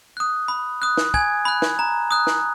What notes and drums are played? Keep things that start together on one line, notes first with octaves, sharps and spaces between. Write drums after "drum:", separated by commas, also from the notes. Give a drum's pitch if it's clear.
D#6 F#6
B5
D#6 F#6
drum: snare
G#5 G#6, drum: kick
B5 F#6
drum: snare
A#5
D#6 F#6
drum: snare